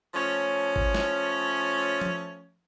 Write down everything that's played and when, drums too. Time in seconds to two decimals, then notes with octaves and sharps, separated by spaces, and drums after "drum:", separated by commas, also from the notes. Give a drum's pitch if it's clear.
0.14 F3 A3 C#4
0.76 drum: kick G#1
0.94 drum: snare
2.01 drum: tom F3